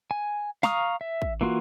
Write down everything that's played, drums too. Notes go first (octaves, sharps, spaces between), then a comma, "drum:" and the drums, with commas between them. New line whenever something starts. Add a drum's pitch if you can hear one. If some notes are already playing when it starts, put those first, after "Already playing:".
G#5
F5 A#5 C#6 D#6 F6, drum: snare
E5
drum: kick
E3 A#3 F4 F#4